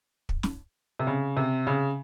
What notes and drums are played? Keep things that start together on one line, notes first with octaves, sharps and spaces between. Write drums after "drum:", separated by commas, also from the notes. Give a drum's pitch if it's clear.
drum: kick
drum: snare
C3
C#3
C3
C#3